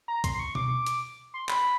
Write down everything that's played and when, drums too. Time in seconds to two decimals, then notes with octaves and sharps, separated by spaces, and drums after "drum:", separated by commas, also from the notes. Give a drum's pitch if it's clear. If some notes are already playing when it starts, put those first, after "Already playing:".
0.08 A#5
0.24 C6, drum: kick C2, hi-hat
0.35 C6
0.39 C#6
0.55 D6, drum: tom B2
0.86 drum: hi-hat
1.34 C6
1.49 B5, drum: clap